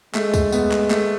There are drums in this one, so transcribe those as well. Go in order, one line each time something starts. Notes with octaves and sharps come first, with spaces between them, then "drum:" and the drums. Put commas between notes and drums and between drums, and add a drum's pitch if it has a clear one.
G#3 A3, drum: clap
drum: kick C#2, tambourine
B3, drum: tambourine
drum: clap
A3, drum: clap